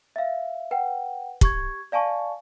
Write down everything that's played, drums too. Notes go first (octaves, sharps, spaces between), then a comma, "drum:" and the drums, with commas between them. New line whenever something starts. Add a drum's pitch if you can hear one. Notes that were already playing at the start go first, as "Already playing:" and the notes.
E5 F5
B4 F#5 G5
G4 C#6 G#6, drum: kick
D5 F5 G#5 A5 C#6